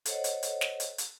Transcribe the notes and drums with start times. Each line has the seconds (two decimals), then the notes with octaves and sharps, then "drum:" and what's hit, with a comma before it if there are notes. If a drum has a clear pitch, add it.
0.05 A4 C5 C#5 D#5 F#5, drum: hi-hat
0.24 drum: hi-hat
0.43 drum: hi-hat
0.61 drum: snare
0.80 drum: hi-hat
0.98 drum: hi-hat